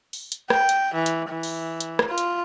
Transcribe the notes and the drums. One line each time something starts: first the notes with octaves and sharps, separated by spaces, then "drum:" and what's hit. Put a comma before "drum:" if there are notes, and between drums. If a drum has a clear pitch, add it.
drum: open hi-hat
drum: hi-hat
G5, drum: rim click
drum: hi-hat
E3
drum: hi-hat
E3
drum: open hi-hat
drum: hi-hat
drum: rim click
F4
drum: hi-hat